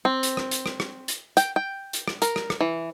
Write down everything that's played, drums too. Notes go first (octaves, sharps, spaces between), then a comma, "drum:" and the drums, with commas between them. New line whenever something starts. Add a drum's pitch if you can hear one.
C4
drum: hi-hat
drum: rim click
drum: hi-hat
drum: rim click
drum: rim click
drum: hi-hat
G5, drum: hi-hat
G5
drum: hi-hat
drum: rim click
A#4, drum: hi-hat
drum: rim click
drum: rim click
E3